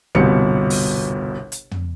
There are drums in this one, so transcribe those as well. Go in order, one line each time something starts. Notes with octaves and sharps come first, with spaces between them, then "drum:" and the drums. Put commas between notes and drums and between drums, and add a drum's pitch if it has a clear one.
G1 C2 B2 C#7, drum: kick
drum: open hi-hat
drum: hi-hat
drum: tom